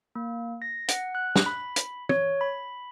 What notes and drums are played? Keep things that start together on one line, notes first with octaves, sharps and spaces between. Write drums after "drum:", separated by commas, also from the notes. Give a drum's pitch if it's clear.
A#3
A#6
F#5, drum: hi-hat
F#6
drum: snare
B5
drum: hi-hat
C#5, drum: tom
B5